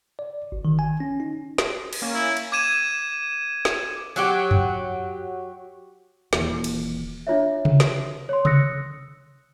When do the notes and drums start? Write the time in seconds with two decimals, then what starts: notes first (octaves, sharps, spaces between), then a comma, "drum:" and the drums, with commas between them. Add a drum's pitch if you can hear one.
0.19 D5
0.52 G#1
0.65 D#3
0.79 G#5
1.00 C#4
1.20 D#4
1.58 drum: snare
1.93 drum: cymbal
2.02 A#3 C#4
2.14 E4
2.37 drum: cymbal
2.52 D6 G#6 D#7 E7
3.65 drum: snare
4.16 F#3 F#4 G4
4.51 drum: tom F2
6.33 D#1 E3, drum: snare
6.64 drum: cymbal
7.27 D4 F4 C#5 E5
7.65 drum: tom C3
7.80 drum: snare
8.29 C#5 C6
8.45 D#6 E6 F#6 A#6 C#7, drum: tom C3